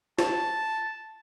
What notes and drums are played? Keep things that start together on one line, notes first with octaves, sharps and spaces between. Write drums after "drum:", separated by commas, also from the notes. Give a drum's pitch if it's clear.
A5, drum: snare